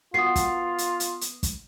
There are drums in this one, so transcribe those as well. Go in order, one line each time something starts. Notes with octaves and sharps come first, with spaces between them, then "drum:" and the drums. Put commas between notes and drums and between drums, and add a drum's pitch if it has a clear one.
B3 F4 F#4 D#6 C7
drum: kick, hi-hat
drum: hi-hat
drum: hi-hat
drum: hi-hat
drum: kick, hi-hat